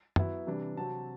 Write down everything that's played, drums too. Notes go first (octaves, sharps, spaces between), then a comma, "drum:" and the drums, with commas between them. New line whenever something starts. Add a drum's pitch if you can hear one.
F#3 B3 E4, drum: tom
C3 E3 G3 D4
C3 F#3 C4 A5